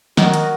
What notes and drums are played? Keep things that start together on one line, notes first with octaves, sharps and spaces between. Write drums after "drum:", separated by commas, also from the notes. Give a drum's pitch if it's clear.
D#3 F#4 A#4 D#5 F#5, drum: snare
drum: hi-hat